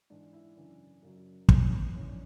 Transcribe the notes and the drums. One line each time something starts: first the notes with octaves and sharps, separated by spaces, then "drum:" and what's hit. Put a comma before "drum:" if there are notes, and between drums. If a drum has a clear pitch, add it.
G#2 E3 D4
E4
F#2 C#3 E3 D4
F#2 C#3 F#3
G#2 E3 C#4, drum: kick
B3
E2 C#3 E3 C#4
D4